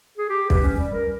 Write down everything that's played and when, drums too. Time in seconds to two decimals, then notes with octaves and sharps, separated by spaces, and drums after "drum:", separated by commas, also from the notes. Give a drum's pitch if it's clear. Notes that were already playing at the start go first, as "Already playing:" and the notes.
0.17 G#4
0.29 G4
0.50 B4, drum: kick
0.62 C#4
0.76 G3
0.93 A#4